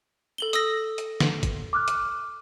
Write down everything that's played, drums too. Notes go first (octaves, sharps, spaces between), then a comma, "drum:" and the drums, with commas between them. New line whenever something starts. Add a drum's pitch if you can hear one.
A4 F#7 G7
D#6 E6 A#6, drum: hi-hat
drum: hi-hat
drum: snare
drum: kick, hi-hat
D6 F6 F#6
drum: hi-hat